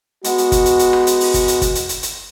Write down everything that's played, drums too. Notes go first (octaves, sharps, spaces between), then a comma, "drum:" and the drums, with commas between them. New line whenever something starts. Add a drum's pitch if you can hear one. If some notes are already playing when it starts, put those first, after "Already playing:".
G#3 B3 F#4, drum: hi-hat
drum: hi-hat
drum: kick G1, hi-hat
drum: hi-hat
drum: hi-hat
drum: rim click
drum: hi-hat
drum: open hi-hat
drum: kick G1, hi-hat
drum: hi-hat
drum: kick G1, hi-hat
drum: hi-hat
drum: hi-hat
drum: hi-hat